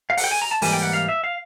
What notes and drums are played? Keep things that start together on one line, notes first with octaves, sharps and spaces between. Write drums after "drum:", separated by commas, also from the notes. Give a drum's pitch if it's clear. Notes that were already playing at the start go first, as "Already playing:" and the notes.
F5
F#5, drum: open hi-hat
G5
G#5
A#5
A5
G#2 E3 G3 A#3 G#5, drum: open hi-hat
G5
F#5
F5
E5
F5